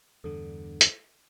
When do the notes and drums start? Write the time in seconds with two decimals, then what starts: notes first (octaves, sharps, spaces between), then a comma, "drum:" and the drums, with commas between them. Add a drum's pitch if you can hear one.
0.24 E2 G2 D3 A4
0.81 drum: hi-hat